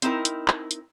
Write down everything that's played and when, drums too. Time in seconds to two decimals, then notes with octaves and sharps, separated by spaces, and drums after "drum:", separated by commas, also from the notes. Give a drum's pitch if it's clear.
0.02 C4 D#4 E4 A#4, drum: hi-hat
0.25 drum: hi-hat
0.48 drum: clap
0.71 drum: hi-hat